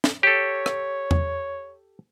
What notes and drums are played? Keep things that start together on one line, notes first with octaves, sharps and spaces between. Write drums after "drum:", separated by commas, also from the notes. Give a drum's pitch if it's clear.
drum: snare
G4 A4 C#5
drum: rim click
drum: tom E2